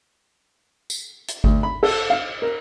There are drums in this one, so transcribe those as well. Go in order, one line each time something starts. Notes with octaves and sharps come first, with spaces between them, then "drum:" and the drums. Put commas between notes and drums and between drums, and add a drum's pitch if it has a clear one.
drum: tambourine
drum: hi-hat
D2, drum: kick G1
B5
A4, drum: cymbal
F5
A#4